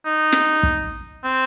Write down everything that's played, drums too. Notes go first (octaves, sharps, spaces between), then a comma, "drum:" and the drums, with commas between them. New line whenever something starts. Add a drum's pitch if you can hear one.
D#4
drum: snare
drum: kick
C4